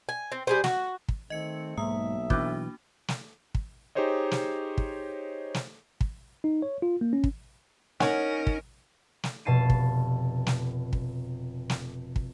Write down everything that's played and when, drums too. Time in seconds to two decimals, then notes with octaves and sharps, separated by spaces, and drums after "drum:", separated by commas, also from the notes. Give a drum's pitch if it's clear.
0.09 G#5
0.32 C4
0.47 G3 G#4 C5
0.64 F#4, drum: snare
1.09 drum: kick
1.30 D#3 A3 C4 D#5 C#7
1.78 B1 G#2 A#3 E5 D#6
2.30 B2 E3 F#3 D4 F#4 D6 F#6 G6, drum: kick
3.08 drum: snare
3.55 drum: kick
3.95 D#4 G4 G#4 C5 C#5 D#5
4.31 drum: snare
4.78 drum: kick
5.54 drum: snare
6.01 drum: kick
6.44 D#4
6.62 C#5
6.82 F4
7.01 A#3
7.13 C#4
7.24 drum: kick
8.00 C#4 D#4 A#4 C#5 F#5 G#5, drum: snare
8.47 drum: kick
9.24 drum: snare
9.45 F1 B2 A5 C7 D#7
9.70 drum: kick
10.47 drum: snare
10.93 drum: kick
11.70 drum: snare
12.16 drum: kick